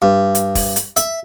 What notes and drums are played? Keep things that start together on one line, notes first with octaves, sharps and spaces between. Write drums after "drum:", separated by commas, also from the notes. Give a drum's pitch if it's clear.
G2
drum: hi-hat
drum: kick, open hi-hat
drum: hi-hat
E5, drum: hi-hat